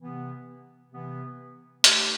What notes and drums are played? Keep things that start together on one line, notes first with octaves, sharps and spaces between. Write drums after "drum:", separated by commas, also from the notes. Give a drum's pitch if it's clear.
C3 E3 B3
C3 E3 B3
A3 D#4 G4, drum: hi-hat